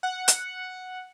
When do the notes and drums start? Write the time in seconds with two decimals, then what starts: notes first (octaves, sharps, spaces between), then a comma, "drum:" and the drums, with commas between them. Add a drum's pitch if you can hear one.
0.03 F#5
0.28 drum: hi-hat